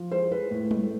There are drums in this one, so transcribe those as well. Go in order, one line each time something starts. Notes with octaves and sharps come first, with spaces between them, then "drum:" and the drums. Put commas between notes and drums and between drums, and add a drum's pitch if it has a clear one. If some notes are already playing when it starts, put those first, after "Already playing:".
Already playing: F3
G#3 C5
G#3 B4
A2
A3, drum: tom G3